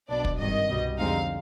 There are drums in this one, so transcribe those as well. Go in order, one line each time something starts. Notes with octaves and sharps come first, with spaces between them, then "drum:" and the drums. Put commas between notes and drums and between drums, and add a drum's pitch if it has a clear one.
B1 B2 B3 D4 D5
drum: kick
G#1 G2 D#3 D#5
C2 B2 G3
F2 D3 G#3 C4 D#4 F5